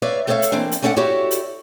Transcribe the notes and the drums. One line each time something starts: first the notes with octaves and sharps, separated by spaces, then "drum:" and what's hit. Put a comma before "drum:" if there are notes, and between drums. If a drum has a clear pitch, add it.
B4 C#5 D5 E5 F5
A3 A4 C#5 D5 E5 F5
drum: hi-hat
E3 A#3 C4 D4
drum: hi-hat
A3 C#4 D4 A4 F5 F#5
E4 F#4 G4 A4 C#5 D5
drum: hi-hat